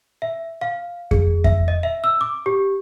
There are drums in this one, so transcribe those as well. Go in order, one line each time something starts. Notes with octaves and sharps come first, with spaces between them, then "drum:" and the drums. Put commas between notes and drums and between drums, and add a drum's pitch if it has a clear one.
E5
F5
G#4, drum: kick F2
E5, drum: kick F2
D#5
E5
E6
D6
G4